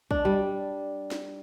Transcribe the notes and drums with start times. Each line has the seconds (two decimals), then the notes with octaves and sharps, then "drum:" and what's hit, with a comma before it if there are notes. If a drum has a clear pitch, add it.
0.11 D4, drum: kick
0.25 G3
1.11 drum: snare